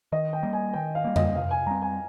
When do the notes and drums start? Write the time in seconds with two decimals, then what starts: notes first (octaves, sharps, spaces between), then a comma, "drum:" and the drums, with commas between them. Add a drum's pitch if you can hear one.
0.12 D#3 D#5
0.33 G5
0.43 G3 A#3
0.53 G#5
0.73 D#3 G5
0.95 F5
1.04 G3 A#3
1.16 D#5, drum: tom F2
1.35 C3 F5
1.51 G#5
1.66 G3 C4 A#5
1.82 G#5